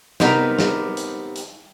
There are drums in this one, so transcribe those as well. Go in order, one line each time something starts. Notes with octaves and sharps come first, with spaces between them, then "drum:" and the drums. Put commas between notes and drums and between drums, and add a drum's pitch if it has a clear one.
C3 B3 D#4 A#4, drum: snare
drum: snare
drum: hi-hat
drum: hi-hat